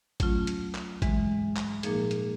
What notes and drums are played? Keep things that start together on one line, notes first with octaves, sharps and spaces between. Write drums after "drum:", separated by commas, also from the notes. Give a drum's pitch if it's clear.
F#3 A3 C#4 F4, drum: kick A1, hi-hat
drum: hi-hat
drum: clap
G#2 E3 G#3, drum: kick A1, hi-hat
drum: clap
A#2 F3 A#3 D#4 G#4, drum: hi-hat
drum: hi-hat